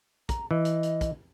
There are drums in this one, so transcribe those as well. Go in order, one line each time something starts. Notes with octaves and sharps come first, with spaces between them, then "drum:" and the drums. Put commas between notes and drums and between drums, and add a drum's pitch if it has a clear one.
A#5, drum: kick, hi-hat
E3 D#5
drum: hi-hat
drum: hi-hat
drum: kick, hi-hat